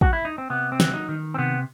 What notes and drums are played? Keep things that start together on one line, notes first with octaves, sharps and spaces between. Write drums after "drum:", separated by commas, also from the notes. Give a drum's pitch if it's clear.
F#4, drum: kick
E4
D#4
C4
C3 B3
C4
F#3, drum: snare
D#4
D#3
C4
C3 B3